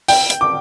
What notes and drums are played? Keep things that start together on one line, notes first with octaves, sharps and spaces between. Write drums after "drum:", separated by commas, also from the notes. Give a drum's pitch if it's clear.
G5, drum: open hi-hat
drum: hi-hat
D6